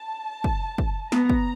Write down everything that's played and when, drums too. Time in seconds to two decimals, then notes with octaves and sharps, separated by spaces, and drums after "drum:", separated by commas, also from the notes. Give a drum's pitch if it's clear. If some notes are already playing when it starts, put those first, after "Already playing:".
Already playing: A5
0.44 drum: kick
0.78 drum: kick
1.12 B3 A#5, drum: snare
1.29 drum: kick